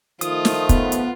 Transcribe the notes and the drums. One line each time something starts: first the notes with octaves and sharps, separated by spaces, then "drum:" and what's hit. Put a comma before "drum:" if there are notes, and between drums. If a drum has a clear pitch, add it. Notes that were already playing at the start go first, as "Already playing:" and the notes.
D#3 F3 A3 F4 D#6, drum: hi-hat
drum: snare
B3, drum: kick, hi-hat
drum: hi-hat